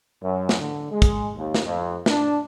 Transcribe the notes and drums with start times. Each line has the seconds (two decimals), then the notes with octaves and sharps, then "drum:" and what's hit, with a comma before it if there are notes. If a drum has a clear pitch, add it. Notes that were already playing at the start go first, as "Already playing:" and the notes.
0.23 F#2
0.49 drum: snare
0.58 D3
0.91 G#3
1.02 drum: kick, hi-hat
1.36 D#2
1.54 drum: snare
1.65 F2
2.06 D4, drum: snare